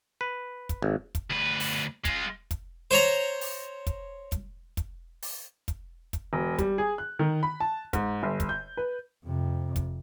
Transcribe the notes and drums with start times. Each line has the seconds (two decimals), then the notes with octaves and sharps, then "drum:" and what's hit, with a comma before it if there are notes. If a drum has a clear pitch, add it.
0.21 B4
0.69 drum: kick, hi-hat
0.82 G#1
1.15 drum: kick, hi-hat
1.30 D2 B4
1.60 drum: open hi-hat
2.05 G#3 F4, drum: kick, hi-hat
2.51 drum: kick, hi-hat
2.91 C5 C#5 A#5
3.41 drum: open hi-hat
3.87 drum: kick, hi-hat
4.32 drum: kick, hi-hat
4.77 drum: kick, hi-hat
5.22 drum: open hi-hat
5.68 drum: kick, hi-hat
6.13 drum: kick, hi-hat
6.33 E1
6.58 G3, drum: kick, hi-hat
6.78 G#4
6.98 F#6
7.19 D#3
7.43 B5
7.60 A5
7.93 G#2, drum: kick, hi-hat
8.23 G1
8.40 drum: kick, hi-hat
8.49 G6
8.77 B4
9.25 F2 C3
9.76 drum: kick, hi-hat